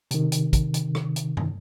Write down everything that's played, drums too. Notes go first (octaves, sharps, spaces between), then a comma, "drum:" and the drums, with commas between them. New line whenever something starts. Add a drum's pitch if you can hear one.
C3 D#3, drum: hi-hat
drum: hi-hat
drum: kick, hi-hat
drum: hi-hat
drum: rim click
drum: hi-hat
drum: tom G2